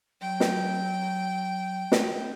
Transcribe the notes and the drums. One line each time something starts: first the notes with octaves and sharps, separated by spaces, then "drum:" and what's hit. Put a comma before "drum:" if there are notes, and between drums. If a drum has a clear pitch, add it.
F#3 G5
drum: snare
drum: snare